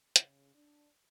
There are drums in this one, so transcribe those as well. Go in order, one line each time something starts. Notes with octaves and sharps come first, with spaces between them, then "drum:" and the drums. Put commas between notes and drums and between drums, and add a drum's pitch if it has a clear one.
C#3, drum: hi-hat
D4